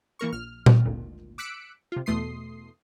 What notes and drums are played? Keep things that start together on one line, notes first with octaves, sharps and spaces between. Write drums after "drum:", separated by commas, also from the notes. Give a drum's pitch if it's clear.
E3 A#3 A#4 C#6
A#1 F6
drum: tom A#2
G#1 D2 A#2
D6 E6 F#6 B6 C#7 D7
C3 F4
E2 B2 A3 C6 D#6 C7